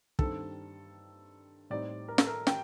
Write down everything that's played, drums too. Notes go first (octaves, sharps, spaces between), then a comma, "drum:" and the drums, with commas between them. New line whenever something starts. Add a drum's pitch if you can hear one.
G2 D#3 G3 C4 A4, drum: kick
A2 G3 C4 D#4 D5
A#4
A4, drum: snare
A#4
G5, drum: snare